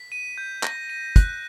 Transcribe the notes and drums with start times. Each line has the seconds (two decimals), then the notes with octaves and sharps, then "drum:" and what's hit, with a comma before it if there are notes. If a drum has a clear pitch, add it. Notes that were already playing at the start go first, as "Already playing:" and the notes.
Already playing: B6
0.12 D#7
0.38 G6
0.63 A#6, drum: clap
0.89 D#7
1.16 F#6, drum: kick, hi-hat